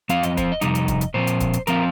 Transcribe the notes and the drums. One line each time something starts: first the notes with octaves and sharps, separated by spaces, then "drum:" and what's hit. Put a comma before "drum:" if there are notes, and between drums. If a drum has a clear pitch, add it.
F2 F3 C4 F4 F5, drum: hi-hat
D#5, drum: hi-hat
C5, drum: kick, hi-hat
D#5
F2 C3 G3 D#4, drum: hi-hat
drum: hi-hat
drum: kick, hi-hat
drum: hi-hat
A#2 F3 C4 C5
drum: hi-hat
drum: kick, hi-hat
drum: hi-hat
F3 C4 F4 A#4, drum: hi-hat